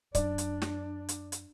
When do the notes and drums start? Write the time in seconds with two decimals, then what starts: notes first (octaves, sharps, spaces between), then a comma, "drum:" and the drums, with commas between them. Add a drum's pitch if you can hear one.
0.15 F#2 D4 D5, drum: kick C#1, hi-hat
0.38 drum: hi-hat
0.62 drum: snare
1.09 drum: hi-hat
1.32 drum: hi-hat